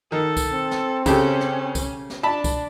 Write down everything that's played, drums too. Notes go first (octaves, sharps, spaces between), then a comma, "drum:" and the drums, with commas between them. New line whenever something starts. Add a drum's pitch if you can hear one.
D#3 A4
drum: kick C2, tambourine
C4
drum: snare
C#3 C#4 G4 A4, drum: kick C2, tambourine
drum: snare
drum: kick C2, tambourine
drum: snare
D4 A5 B5
drum: kick C2, tambourine